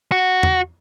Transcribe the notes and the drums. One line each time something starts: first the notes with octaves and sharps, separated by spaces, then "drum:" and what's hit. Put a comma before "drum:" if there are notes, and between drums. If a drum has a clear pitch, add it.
F#4
drum: tom E2